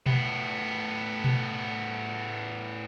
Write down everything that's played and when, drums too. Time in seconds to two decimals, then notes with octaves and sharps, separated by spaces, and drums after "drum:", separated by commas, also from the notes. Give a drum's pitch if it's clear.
0.06 A2 B3, drum: tom B2
1.24 drum: tom B2